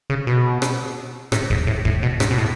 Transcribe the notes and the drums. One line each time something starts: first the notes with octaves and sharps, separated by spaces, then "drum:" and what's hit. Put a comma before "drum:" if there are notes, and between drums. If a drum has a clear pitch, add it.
C#3
B2
drum: rim click
A2, drum: rim click
G#2, drum: kick
A2
A2, drum: kick
B2
G#2, drum: rim click
B2
A2